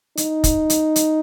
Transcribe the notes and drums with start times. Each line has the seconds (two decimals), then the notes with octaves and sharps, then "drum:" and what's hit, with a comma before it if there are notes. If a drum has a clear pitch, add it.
0.17 D#4, drum: hi-hat
0.44 drum: kick, hi-hat
0.70 drum: hi-hat
0.96 drum: hi-hat